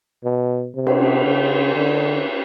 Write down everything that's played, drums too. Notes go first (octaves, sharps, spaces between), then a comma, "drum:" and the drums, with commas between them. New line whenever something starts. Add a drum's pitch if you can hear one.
B2
C3
drum: cymbal
C#3
D3